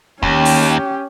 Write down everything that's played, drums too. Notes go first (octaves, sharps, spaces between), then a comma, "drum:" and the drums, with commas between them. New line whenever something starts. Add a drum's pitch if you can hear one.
D#2 C#4 G4, drum: kick
drum: open hi-hat